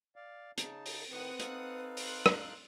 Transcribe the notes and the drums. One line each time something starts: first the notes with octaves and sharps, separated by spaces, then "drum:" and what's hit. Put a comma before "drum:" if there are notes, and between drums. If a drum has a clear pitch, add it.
D5 F5
C#3 D#4 A5, drum: hi-hat
drum: open hi-hat
A2 D#3 C4 B4 F#5 D#6
D#4 A4 F5, drum: hi-hat
C6 F#6, drum: open hi-hat
drum: rim click